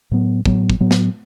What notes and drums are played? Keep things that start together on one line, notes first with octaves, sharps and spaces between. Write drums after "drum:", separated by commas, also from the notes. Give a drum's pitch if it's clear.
A2 F#3 B3
A2 F#3 B3, drum: kick
drum: kick
A2 F#3 B3
drum: snare